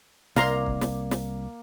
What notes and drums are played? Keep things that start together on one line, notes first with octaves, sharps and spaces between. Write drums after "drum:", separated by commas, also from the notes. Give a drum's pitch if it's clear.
C2 A#3 F5 A#5 C6, drum: snare
drum: kick
drum: snare
drum: snare